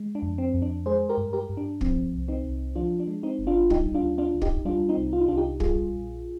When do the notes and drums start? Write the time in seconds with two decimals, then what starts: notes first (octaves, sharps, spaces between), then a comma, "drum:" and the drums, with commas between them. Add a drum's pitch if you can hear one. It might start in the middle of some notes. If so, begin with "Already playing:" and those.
Already playing: G#3
0.15 D4
0.22 F2
0.38 C4
0.54 F2
0.62 D4
0.86 G#3 G#4 C5
1.09 G4 A#4
1.18 G2
1.33 G4 A#4
1.49 G2
1.57 D4
1.81 F3 C4, drum: kick
2.13 C2
2.28 C4 D#4
2.44 C2
2.76 F3 D4 F4
2.99 D4
3.07 G#3
3.23 C4 D#4
3.39 G1
3.47 D4 F4
3.70 G3 D#4 G4, drum: kick
3.94 D4 F4
4.02 D2
4.18 D4 F4
4.34 D2
4.42 D#4 G4, drum: kick
4.65 G3 D4 F4
4.89 C4 D#4
4.97 C2
5.13 F4
5.20 D#4
5.28 C2 D4 F4
5.37 D#4 G4
5.60 G3 F4 G#4, drum: kick
5.92 A#1